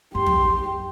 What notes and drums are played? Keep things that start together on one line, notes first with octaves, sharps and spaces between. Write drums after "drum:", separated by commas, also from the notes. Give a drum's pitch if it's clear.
F#2 G4 C6
drum: tom